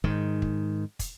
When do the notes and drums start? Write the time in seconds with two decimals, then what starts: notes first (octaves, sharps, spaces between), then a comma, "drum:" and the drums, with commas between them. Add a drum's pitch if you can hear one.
0.04 G#2 D#3, drum: kick
0.42 drum: kick
0.99 drum: kick, hi-hat